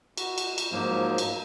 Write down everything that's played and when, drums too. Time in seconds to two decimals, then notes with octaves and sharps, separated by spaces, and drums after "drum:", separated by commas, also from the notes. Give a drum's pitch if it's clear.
0.17 F#4, drum: cymbal
0.38 drum: cymbal
0.58 drum: cymbal
0.72 G#2 F3 F#3 A#3
1.18 drum: cymbal